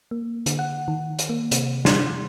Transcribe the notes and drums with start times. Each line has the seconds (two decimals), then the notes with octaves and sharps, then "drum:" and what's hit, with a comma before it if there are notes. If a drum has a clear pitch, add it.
0.11 A#3
0.46 D3, drum: hi-hat
0.59 F#5
0.88 D#3
1.19 drum: hi-hat
1.29 A#3
1.51 C3, drum: hi-hat
1.85 C6, drum: snare